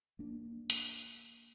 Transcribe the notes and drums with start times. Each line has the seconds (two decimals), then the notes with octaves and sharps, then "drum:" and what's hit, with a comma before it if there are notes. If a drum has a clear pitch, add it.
0.19 A#3 D4
0.70 drum: hi-hat